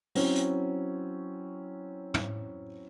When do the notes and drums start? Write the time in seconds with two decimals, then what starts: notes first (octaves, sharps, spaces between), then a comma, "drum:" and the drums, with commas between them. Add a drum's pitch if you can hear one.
0.15 F#3 C4 C#4 E4, drum: open hi-hat
0.35 drum: hi-hat
2.14 drum: tom